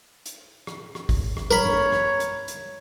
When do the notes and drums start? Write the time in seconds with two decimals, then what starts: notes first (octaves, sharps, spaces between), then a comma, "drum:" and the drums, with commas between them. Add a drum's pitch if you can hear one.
0.26 drum: hi-hat
0.67 drum: rim click
0.95 drum: rim click
1.09 drum: kick, open hi-hat
1.37 drum: rim click
1.51 A#4 C#5 B5
1.65 drum: tom G2
1.92 drum: rim click
2.20 drum: hi-hat
2.48 drum: hi-hat